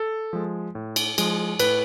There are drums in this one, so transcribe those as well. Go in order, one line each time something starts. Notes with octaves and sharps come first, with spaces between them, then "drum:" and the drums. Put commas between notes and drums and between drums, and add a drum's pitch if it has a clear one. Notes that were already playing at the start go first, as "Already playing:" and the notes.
Already playing: A4
F3 G#3
A2
drum: cymbal
F3 G#3, drum: cymbal
A2 B4, drum: cymbal